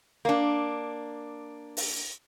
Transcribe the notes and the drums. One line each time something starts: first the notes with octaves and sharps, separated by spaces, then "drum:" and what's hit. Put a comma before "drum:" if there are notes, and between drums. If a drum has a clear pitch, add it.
A#3 D4
drum: open hi-hat